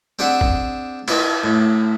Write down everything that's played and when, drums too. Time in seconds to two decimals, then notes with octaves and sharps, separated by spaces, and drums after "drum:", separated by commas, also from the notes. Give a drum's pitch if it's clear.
0.19 C4 D4 G#4 E5 F#5
0.41 drum: kick
1.08 E4 B4 D#5, drum: cymbal
1.44 A2